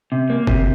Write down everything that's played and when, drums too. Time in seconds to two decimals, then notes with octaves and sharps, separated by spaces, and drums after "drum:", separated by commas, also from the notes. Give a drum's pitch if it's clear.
0.12 C3
0.30 A#3
0.47 C3, drum: kick